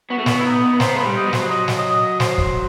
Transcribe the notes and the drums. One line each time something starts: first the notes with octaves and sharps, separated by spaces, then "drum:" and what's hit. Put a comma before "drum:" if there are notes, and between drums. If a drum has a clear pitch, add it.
B3 F#4
A3
B3, drum: snare
E4
D#4
B3 C5, drum: snare
A3 B4
G3
D#5
F#3
C5, drum: snare
F#3 D#5
drum: snare
D#5
C5, drum: snare
drum: kick